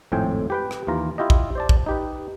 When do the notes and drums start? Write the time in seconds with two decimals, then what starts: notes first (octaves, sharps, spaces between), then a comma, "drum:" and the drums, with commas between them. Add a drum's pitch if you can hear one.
0.12 G#1 F2 A2 C4 G5 G#5
0.50 G4 B4 G5
0.71 drum: rim click
0.87 D#2 E3 F4 A#5
1.18 E4 F4 G4 D#5
1.30 drum: kick
1.55 C5 D5 A5
1.69 drum: kick
1.86 D#4 G4 B4